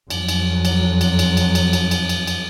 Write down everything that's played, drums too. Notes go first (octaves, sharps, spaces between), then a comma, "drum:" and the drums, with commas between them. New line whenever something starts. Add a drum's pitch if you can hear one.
F2 F#3, drum: cymbal
drum: cymbal
drum: cymbal
drum: cymbal
drum: cymbal
drum: cymbal
drum: cymbal
drum: cymbal
drum: cymbal
drum: cymbal
drum: cymbal